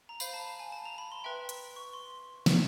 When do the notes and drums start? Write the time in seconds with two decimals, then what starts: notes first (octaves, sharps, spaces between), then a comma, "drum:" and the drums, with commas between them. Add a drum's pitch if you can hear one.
0.09 A#5
0.20 C5 F5 B5, drum: tambourine
0.34 A5
0.59 G#5
0.72 A5
0.85 A#5
0.98 B5
1.12 C6
1.24 B4 E5 G5
1.49 drum: hi-hat
1.76 C#6
1.93 C6
2.46 drum: snare